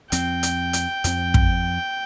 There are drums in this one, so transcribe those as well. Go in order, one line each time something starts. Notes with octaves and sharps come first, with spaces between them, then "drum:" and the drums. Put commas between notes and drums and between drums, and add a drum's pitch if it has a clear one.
F2 F3 C4 G5, drum: hi-hat
drum: hi-hat
drum: hi-hat
F2 F3 C4, drum: hi-hat
drum: kick